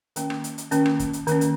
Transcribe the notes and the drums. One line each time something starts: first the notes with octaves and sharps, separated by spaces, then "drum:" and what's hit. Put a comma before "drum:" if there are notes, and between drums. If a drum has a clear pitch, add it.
D#3 A#3 C#4, drum: hi-hat
drum: rim click
drum: hi-hat
drum: hi-hat
D#3 A#3 C#4, drum: hi-hat
drum: rim click
drum: kick, hi-hat
drum: hi-hat
D#3 A#3 C#4, drum: hi-hat
drum: hi-hat